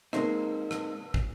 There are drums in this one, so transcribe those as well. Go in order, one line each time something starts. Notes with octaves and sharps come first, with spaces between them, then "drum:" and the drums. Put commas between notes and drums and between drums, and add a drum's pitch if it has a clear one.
G#3 A#3 C4 D#4, drum: rim click
drum: rim click
drum: kick